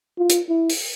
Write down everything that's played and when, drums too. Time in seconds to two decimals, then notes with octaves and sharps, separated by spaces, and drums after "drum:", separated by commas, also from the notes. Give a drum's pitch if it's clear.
0.18 F4
0.30 drum: hi-hat
0.49 E4
0.70 drum: open hi-hat